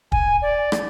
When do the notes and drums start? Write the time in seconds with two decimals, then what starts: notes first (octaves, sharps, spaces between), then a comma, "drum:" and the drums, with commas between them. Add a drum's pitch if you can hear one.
0.12 G#5, drum: kick
0.42 D5
0.72 drum: rim click